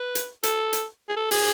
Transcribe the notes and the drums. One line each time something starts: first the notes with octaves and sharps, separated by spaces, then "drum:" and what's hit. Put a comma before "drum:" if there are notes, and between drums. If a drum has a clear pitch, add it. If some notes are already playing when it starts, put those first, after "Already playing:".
Already playing: B4
drum: hi-hat
A4, drum: hi-hat
drum: hi-hat
G#4
A4
G#4, drum: open hi-hat